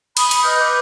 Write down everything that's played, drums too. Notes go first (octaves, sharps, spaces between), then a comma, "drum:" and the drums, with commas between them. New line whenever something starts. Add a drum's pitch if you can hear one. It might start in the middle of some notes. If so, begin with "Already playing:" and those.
B5 D#6, drum: cymbal
drum: cymbal
B4 D#5 F6 G6
B4 D6 G6